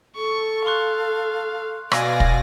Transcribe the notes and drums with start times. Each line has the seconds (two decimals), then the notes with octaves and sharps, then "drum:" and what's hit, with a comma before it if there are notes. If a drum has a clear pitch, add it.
0.16 A4 C#6
0.66 F5 C6 C#6 F#6
1.92 B2 D5 F5 G#5 E6 A#6, drum: rim click
2.20 drum: kick